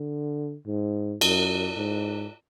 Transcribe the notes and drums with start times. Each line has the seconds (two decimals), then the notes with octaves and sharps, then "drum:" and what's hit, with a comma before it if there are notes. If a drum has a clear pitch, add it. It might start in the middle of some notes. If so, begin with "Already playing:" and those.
Already playing: D3
0.66 G#2
1.21 F#2, drum: cymbal
1.77 G#2